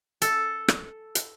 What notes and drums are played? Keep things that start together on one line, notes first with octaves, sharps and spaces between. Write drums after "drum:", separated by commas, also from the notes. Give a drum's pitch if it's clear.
A4, drum: hi-hat
drum: rim click
drum: hi-hat